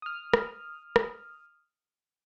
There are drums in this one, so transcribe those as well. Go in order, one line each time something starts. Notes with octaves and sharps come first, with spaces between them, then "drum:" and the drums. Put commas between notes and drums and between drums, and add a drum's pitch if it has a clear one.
D#6 F6
drum: rim click
drum: rim click